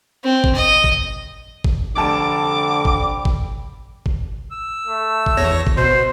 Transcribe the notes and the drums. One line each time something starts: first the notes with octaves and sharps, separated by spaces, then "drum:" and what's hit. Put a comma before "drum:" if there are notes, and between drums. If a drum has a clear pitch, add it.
C4
drum: kick G#1
D#5
drum: kick G#1
drum: kick G#1
F1 D3 G3 C4 A5 D6 D7
drum: kick G#1
drum: kick G#1
drum: kick G#1
E6
A3
drum: kick G#1
E2 C#5 A#6
drum: kick G#1
B2 C5